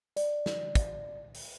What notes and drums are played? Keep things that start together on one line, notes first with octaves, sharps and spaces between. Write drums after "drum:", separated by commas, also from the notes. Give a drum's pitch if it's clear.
D5, drum: hi-hat
drum: snare
drum: kick, hi-hat
drum: open hi-hat